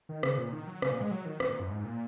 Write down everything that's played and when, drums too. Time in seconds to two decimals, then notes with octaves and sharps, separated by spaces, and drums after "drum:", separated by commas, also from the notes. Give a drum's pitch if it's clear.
0.09 D#3
0.23 C#3, drum: rim click
0.38 A#2
0.52 D#3
0.67 F#3
0.82 C#3, drum: rim click
0.91 A#2
1.01 G#3
1.11 F#3
1.26 D#3
1.40 A#2, drum: rim click
1.51 A#2
1.59 F#2
1.70 G#2
1.85 A#2